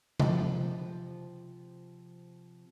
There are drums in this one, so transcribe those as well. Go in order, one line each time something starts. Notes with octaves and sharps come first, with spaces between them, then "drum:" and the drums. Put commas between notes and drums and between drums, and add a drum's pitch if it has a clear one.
C3 F3, drum: tom